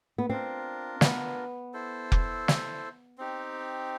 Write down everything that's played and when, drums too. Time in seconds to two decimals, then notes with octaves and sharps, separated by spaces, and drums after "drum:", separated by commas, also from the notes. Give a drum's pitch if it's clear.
0.18 B3
0.30 C4 D4 F4 A#4
1.01 B3, drum: snare
1.73 E4 A4 C5
2.12 drum: kick F1
2.48 drum: snare
3.18 C4 D#4 G4